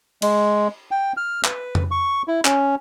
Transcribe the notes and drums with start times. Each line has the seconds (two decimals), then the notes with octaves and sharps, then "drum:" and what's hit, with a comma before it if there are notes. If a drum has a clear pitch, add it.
0.22 G#3, drum: cymbal
0.91 G5
1.17 F6
1.45 B4, drum: clap
1.75 drum: tom F2
1.91 C#6
2.28 E4
2.45 C#4, drum: clap